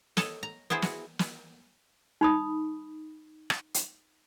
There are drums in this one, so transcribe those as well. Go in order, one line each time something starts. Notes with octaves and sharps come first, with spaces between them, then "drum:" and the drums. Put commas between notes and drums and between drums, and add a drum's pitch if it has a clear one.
A4 C#5 D#5 A5, drum: snare
A#5
B3 E4 G#4 B4 C5
F#4, drum: snare
drum: snare
D#4 B5 D#6
drum: rim click
drum: hi-hat